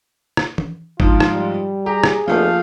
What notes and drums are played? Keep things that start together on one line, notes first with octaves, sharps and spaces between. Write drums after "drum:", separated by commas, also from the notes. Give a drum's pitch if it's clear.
drum: rim click
drum: tom E3
G#2 F3 F4, drum: kick
drum: rim click
G3
G4 G#4 A#5
drum: rim click
F1 F3 A3 A#3 F5